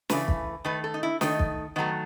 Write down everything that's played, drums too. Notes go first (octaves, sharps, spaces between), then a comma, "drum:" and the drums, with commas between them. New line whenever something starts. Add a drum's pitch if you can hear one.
C#3 E3 A3 B4, drum: snare
drum: kick
D#3 A3 B4
A4
D#4
E4
D#3 A3 D#4, drum: snare
drum: kick
D#3 F#3 A3 B3